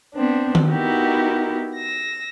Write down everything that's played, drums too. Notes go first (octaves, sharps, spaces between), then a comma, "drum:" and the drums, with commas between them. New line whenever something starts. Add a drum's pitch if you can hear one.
B3 C4 D4
drum: tom D#3
B3 D#4 E4 F#4 G4 A#4
E6 A#6